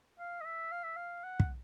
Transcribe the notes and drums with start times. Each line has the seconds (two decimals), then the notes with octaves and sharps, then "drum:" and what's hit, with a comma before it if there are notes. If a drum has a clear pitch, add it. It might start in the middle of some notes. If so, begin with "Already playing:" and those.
0.19 F5
0.41 D#5
0.45 E5
0.72 F5
0.84 E5
0.96 F5
1.24 F#5
1.40 drum: kick